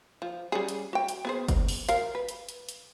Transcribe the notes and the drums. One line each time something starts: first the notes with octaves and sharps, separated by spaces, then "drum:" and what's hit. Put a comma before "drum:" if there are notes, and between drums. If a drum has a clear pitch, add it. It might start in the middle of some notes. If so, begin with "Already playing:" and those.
F3
G3 C#4 G#4
drum: hi-hat
F#4 G5
drum: hi-hat
B3 G#4 C5
drum: kick G1, hi-hat
drum: open hi-hat
A#4 F5, drum: hi-hat
B4
drum: hi-hat
drum: hi-hat
drum: hi-hat